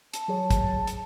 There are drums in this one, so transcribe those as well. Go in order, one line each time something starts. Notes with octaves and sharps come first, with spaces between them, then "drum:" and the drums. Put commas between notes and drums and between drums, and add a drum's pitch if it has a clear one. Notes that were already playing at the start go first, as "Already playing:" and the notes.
A5, drum: hi-hat
F#3 G#4 C#5
drum: kick, hi-hat
drum: hi-hat